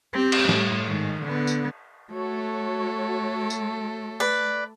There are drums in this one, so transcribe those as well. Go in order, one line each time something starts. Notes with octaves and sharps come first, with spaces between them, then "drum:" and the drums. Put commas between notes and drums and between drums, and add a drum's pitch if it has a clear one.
C4 G4
drum: cymbal
A2 G3, drum: snare
G#2 D#3
D3 B3
drum: tambourine
A3 F#4 A4 C#5
drum: tambourine
B4 D5